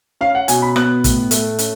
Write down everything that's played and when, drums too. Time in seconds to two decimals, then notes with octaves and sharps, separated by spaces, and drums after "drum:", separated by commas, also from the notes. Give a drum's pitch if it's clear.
0.21 C#4 F5
0.35 F#5
0.48 B2 G#5, drum: hi-hat
0.62 B5
0.76 B3 F#6, drum: rim click
1.04 A2, drum: kick, hi-hat
1.31 A3, drum: hi-hat
1.58 C#4, drum: hi-hat